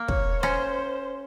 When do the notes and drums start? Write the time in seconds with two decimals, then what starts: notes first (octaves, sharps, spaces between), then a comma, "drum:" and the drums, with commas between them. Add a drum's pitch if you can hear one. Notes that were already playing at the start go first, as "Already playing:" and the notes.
Already playing: A#3
0.08 C#5, drum: kick
0.43 C#4 C5, drum: rim click